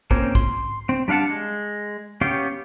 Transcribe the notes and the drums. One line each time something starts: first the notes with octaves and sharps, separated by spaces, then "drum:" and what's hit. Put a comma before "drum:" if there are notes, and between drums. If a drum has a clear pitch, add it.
A#3 C4 C#4, drum: kick
C6, drum: kick
C4
G3 D4 F5 F#5 A5
G#3
B3 C#4 G4 F5 G5